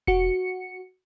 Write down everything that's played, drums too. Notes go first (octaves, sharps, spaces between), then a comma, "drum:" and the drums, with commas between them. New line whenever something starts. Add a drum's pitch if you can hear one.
F#4 C#7, drum: kick E1